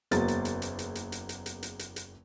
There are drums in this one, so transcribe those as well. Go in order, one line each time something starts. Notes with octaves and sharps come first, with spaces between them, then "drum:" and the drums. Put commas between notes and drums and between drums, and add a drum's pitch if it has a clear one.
F#1 E2 F#3 A#3 G#4 A6, drum: hi-hat
drum: hi-hat
drum: hi-hat
drum: hi-hat
drum: hi-hat
drum: hi-hat
drum: hi-hat
drum: hi-hat
drum: hi-hat
drum: hi-hat
drum: hi-hat
drum: hi-hat